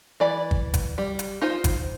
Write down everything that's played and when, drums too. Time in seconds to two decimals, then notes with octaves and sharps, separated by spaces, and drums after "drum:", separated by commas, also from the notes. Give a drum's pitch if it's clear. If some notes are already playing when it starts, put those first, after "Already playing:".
0.20 E3 D5 B5
0.51 drum: kick
0.74 drum: kick, hi-hat
0.98 G3
1.19 drum: hi-hat
1.41 D#4 F4 C5
1.64 drum: kick, hi-hat